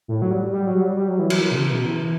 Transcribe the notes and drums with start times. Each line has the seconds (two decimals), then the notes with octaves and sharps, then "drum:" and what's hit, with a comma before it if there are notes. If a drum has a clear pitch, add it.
0.08 A2
0.22 F#3
0.31 G3
0.53 G3
0.67 F#3
0.81 G3
0.96 G3
1.08 F#3
1.19 E3
1.30 F#3, drum: cymbal
1.41 E3
1.51 B2
1.55 C#3
1.71 B2
1.85 E3